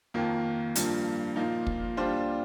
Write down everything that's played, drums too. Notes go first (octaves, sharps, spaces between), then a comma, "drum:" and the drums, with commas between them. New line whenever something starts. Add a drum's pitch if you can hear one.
F2 D#3 A#3
G2 F3 A#3, drum: hi-hat
A#2 F3 A#3 D#4
drum: kick
A#2 G3 D4 F4 C5